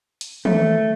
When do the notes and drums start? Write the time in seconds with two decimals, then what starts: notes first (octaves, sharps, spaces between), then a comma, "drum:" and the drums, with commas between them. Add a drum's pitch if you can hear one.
0.21 drum: hi-hat
0.45 A3, drum: tom